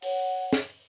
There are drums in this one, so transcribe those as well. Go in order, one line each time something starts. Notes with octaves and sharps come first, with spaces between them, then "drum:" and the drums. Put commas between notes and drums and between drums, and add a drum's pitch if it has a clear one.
C#5 F#5, drum: open hi-hat
drum: snare